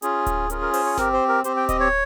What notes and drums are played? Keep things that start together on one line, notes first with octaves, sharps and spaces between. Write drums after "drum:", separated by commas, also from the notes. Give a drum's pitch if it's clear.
C#4 F4 G#4, drum: hi-hat
drum: kick D1, hi-hat
C#4 F4 G#4 A#4, drum: hi-hat
A#4
C5, drum: open hi-hat
C#5
C4 G4 A#4, drum: snare G1
C5
A#4
C4 G4 C5, drum: hi-hat
G5
D#5, drum: kick D1, hi-hat
C#5